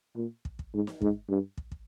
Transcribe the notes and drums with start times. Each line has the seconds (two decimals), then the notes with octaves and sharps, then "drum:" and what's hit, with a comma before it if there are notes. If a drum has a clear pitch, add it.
0.16 A#2
0.45 drum: kick
0.59 drum: kick
0.74 G#2
0.87 drum: snare
1.02 G#2, drum: kick
1.29 G2
1.57 drum: kick
1.72 drum: kick